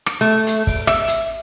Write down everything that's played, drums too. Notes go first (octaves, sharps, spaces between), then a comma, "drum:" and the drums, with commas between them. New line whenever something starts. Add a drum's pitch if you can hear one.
drum: rim click
A3
drum: hi-hat
drum: kick, open hi-hat
E5, drum: rim click
drum: hi-hat